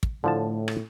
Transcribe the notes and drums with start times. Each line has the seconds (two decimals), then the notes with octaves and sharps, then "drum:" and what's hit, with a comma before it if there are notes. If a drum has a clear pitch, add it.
0.03 drum: kick
0.24 A2 D3 F3 A5
0.68 drum: rim click